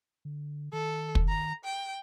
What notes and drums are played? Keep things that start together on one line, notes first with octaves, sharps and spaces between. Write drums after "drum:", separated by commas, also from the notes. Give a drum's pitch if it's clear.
D3
D#3 A4
drum: kick
A#5
G5